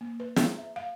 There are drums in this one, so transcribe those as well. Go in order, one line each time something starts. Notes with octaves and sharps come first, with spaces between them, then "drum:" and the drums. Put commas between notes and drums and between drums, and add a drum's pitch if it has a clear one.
A#3
B4
G#4, drum: snare
E5
F5